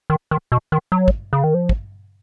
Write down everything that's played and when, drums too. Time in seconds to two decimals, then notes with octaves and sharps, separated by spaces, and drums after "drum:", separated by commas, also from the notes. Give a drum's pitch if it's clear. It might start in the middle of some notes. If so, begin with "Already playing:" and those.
0.10 D#3
0.31 D#3
0.52 B2
0.72 D#3
0.92 F#3
1.08 drum: kick
1.33 C#3
1.44 D#3
1.54 F3
1.69 drum: kick